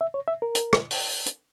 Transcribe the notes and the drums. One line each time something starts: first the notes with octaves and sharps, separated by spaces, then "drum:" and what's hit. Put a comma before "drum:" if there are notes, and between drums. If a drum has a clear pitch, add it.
E5
C#5
E5
A#4
drum: hi-hat
drum: rim click
drum: open hi-hat
drum: hi-hat